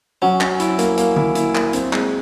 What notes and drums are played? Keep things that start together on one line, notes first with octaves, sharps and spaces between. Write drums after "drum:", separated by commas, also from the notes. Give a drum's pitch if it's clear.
F#3 C#4
C#4, drum: clap
E4, drum: hi-hat
A#3, drum: hi-hat
A#3, drum: hi-hat
E4, drum: tom D3
E4, drum: hi-hat
A#3, drum: clap
C4, drum: hi-hat
G#3, drum: clap